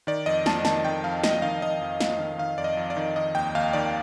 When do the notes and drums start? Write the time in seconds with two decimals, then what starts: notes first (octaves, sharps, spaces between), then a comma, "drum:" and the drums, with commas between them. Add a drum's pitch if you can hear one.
0.07 D#3 D5
0.26 F2 D#5
0.46 F2 A5, drum: snare
0.65 D#3 A5, drum: snare
0.85 D#3 G5
1.04 F2 F5
1.24 F2 D#5, drum: snare
1.42 D#3 F5
1.62 D#3 D#5
1.81 F2
2.00 F2 F5, drum: snare
2.19 D#3
2.38 D#3 F5
2.58 F2 D5
2.64 D#5
2.77 F2
2.90 D5
2.97 D#3
3.16 D#3 D#5
3.35 D#2 G5
3.55 D#2 F5
3.73 D#3 D5